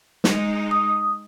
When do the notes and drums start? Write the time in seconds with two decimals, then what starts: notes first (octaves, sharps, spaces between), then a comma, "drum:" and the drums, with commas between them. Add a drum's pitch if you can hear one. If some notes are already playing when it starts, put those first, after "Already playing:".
0.24 G#3 D#4, drum: snare
0.71 D#6